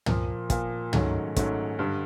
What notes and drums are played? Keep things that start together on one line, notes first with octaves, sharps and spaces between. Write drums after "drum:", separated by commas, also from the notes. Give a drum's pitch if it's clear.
A#2 F3 A#3, drum: tom
A#2 F3 A#3, drum: kick, hi-hat
G#2 D#3 F#3 A3 C#4, drum: tom
G#2 D#3 F#3 A3 C#4, drum: kick, hi-hat
G2 D3 G3